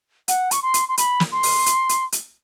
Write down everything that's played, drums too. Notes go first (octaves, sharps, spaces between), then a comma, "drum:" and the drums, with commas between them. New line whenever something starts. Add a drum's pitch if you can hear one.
F#5, drum: hi-hat
C#6, drum: hi-hat
C6
drum: hi-hat
C6
B5, drum: hi-hat
drum: snare
C6
drum: open hi-hat
drum: hi-hat
drum: hi-hat
drum: hi-hat